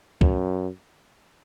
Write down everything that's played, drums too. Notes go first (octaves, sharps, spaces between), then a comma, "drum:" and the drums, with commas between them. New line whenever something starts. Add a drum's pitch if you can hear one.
F#2, drum: kick